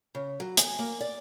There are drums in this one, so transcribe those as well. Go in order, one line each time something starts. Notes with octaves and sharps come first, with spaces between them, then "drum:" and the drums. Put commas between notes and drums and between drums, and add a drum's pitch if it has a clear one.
C#3
F#3
G#5, drum: hi-hat
A#3
D5